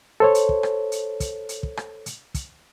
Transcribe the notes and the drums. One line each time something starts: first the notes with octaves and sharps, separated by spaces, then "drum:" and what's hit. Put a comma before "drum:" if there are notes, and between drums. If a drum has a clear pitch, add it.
A4 C5 C#5
drum: hi-hat
drum: kick
drum: rim click
drum: hi-hat
drum: kick, hi-hat
drum: hi-hat
drum: kick
drum: rim click
drum: hi-hat
drum: kick, hi-hat